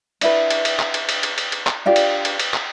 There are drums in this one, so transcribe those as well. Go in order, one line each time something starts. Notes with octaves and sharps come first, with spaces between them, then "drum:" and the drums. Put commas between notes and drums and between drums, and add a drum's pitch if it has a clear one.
D4 E4 B4, drum: cymbal
drum: cymbal
drum: cymbal
drum: clap
drum: cymbal
drum: cymbal
drum: cymbal
drum: cymbal
drum: cymbal
drum: clap
D4 F4 G4 D5
drum: cymbal
drum: cymbal
drum: cymbal
drum: clap